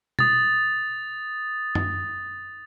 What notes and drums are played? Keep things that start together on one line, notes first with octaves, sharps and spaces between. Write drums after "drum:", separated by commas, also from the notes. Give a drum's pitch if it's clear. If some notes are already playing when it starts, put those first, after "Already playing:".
D#6 A6, drum: tom B2
drum: tom F#2